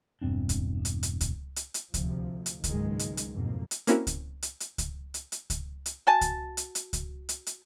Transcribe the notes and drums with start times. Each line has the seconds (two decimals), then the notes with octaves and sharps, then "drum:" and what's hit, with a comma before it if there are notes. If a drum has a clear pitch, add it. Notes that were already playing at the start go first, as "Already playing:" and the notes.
0.21 E1 G2 C4 D4
0.49 drum: kick C#2, hi-hat
0.85 drum: hi-hat
1.03 drum: hi-hat
1.21 drum: kick C#2, hi-hat
1.56 drum: hi-hat
1.74 drum: hi-hat
1.94 D2 C3 F3, drum: kick C#2, hi-hat
2.46 drum: hi-hat
2.64 F#1 C#2 G#2 D#3 G#3, drum: kick C#2, hi-hat
2.99 drum: hi-hat
3.17 drum: hi-hat
3.32 F#1 F2 G#2 B2 A#3
3.71 drum: hi-hat
3.87 A#3 C4 C#4 E4 F#4 A#4, drum: hi-hat
4.07 drum: kick C#2, hi-hat
4.42 drum: hi-hat
4.60 drum: hi-hat
4.78 drum: kick C#2, hi-hat
5.14 drum: hi-hat
5.32 drum: hi-hat
5.50 drum: kick C#2, hi-hat
5.86 drum: hi-hat
6.07 F#4 G#5 A5
6.21 drum: kick C#2, hi-hat
6.57 drum: hi-hat
6.75 drum: hi-hat
6.93 drum: kick C#2, hi-hat
7.29 drum: hi-hat
7.47 drum: hi-hat